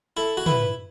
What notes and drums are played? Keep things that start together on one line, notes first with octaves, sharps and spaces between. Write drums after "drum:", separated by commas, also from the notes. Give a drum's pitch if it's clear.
E4 A4
F#4
E4 B4, drum: tom